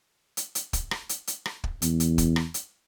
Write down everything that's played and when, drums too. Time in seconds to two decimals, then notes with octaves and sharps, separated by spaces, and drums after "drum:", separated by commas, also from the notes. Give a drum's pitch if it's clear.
0.37 drum: hi-hat
0.55 drum: hi-hat
0.73 drum: kick, hi-hat
0.91 drum: rim click
1.09 drum: hi-hat
1.27 drum: hi-hat
1.46 drum: rim click
1.64 drum: kick
1.82 E2, drum: hi-hat
2.00 drum: hi-hat
2.18 drum: kick, hi-hat
2.36 drum: rim click
2.54 drum: hi-hat